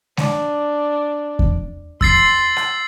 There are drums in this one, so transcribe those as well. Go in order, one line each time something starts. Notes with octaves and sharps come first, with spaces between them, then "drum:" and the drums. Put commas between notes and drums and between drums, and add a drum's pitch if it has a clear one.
D4, drum: snare G#3
drum: kick E2
C6 E6 A6 C7, drum: kick E2
drum: rim click